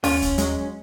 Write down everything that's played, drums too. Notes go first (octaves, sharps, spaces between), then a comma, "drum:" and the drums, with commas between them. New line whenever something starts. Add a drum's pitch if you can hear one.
D#2 C#4 F4, drum: open hi-hat
drum: kick, hi-hat
F#3 G#3, drum: hi-hat